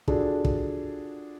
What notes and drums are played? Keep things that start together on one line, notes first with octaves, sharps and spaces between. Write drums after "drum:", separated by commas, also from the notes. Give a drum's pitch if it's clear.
D4 F4 F#4 G#4 A4 D5, drum: kick
drum: kick